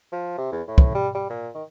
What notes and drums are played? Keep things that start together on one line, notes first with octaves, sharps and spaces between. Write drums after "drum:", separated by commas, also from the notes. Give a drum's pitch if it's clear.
F3
C3
E2
A2
drum: kick
G3
G3
A#2
D#3